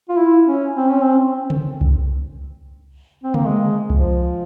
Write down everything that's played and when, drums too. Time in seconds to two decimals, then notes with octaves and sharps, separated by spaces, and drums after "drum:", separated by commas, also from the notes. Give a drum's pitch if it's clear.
0.09 F4
0.17 E4
0.46 C#4
0.76 C4
0.89 C#4
1.03 C4
1.50 drum: tom C#3
1.81 drum: kick C2
3.23 C4
3.34 A#3, drum: tom C#3
3.45 G#3
3.90 F3, drum: kick C2